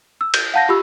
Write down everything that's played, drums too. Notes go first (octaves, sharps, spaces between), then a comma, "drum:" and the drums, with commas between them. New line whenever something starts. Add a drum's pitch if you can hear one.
E6
G6, drum: cymbal
F5 F#5 A5 G6 A#6
F4 G4 B5 E6